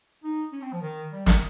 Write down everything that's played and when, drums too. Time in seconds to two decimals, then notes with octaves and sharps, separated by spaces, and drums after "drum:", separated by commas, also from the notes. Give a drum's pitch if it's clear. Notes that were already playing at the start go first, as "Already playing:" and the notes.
0.23 D#4
0.52 C#4
0.62 C4
0.72 F3
0.82 D#3
1.12 G3
1.26 D#3, drum: snare